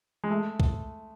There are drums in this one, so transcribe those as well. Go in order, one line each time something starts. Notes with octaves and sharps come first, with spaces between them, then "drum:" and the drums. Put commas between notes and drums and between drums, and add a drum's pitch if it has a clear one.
G#3
A3
drum: kick C2